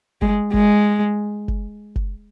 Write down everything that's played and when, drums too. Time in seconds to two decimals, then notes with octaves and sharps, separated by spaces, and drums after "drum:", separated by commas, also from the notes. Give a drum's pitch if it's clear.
0.22 G#3, drum: kick F#1
0.54 G#3, drum: kick F#1
1.48 drum: kick F#1
1.96 drum: kick F#1